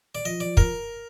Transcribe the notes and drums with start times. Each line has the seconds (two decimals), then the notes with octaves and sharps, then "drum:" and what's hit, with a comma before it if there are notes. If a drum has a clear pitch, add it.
0.15 D5
0.25 F3 D#5
0.40 D5
0.57 A#4, drum: kick